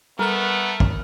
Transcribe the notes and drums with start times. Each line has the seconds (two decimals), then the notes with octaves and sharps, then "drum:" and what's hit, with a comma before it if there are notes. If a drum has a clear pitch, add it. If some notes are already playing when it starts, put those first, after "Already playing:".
0.19 G3 A3 B3 A4 A#4 F#6
0.80 drum: kick